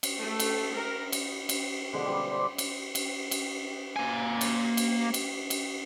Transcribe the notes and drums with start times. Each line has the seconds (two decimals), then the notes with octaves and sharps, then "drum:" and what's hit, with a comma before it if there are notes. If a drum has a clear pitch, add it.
0.03 drum: cymbal
0.20 A3
0.39 drum: cymbal
0.76 A#4
1.12 drum: cymbal
1.49 drum: cymbal
1.93 B2 D3 F3 G#3
2.06 G3
2.29 B4 C5 D5 E5
2.58 drum: cymbal
2.95 drum: cymbal
3.31 drum: cymbal
3.96 A#3 G#5
4.41 drum: cymbal
4.77 drum: cymbal
5.14 drum: cymbal
5.50 drum: cymbal